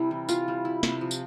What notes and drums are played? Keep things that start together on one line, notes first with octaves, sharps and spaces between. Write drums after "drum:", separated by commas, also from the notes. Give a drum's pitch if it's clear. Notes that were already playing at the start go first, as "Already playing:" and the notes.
Already playing: C3 G3 E4 G4
E3
E3 F4, drum: tambourine
G3
E4
C3, drum: snare
F3
drum: tambourine